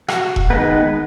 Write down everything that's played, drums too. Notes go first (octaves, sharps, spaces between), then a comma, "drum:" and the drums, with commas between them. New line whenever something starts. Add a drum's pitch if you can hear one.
F#4, drum: rim click
drum: kick E1
D#3 G#3 B3 B4